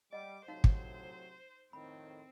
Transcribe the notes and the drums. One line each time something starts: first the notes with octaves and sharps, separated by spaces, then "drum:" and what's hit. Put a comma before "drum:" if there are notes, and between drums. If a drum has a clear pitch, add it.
G3 D#5 F#5 D6
A2 C3 F#3 D#4 C5 F5
drum: kick
F2 A2 D#3 C4 B5